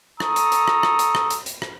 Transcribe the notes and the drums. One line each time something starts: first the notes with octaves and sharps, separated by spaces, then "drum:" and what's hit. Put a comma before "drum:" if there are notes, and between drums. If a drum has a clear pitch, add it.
A4 A#5 C#6 D#6, drum: rim click
drum: hi-hat
drum: hi-hat
drum: rim click
drum: rim click
drum: hi-hat
drum: rim click
drum: hi-hat
drum: hi-hat
drum: rim click